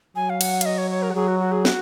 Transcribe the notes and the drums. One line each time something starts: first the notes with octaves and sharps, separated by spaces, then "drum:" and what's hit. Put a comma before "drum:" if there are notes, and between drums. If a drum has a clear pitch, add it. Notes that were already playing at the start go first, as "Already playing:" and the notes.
F#3 G#5
F5
F#5, drum: cymbal
F5, drum: hi-hat
D#5
C#5
C#5
A#4
F#4
F#3 G#4
F#4
F#4
G#4
F#4, drum: snare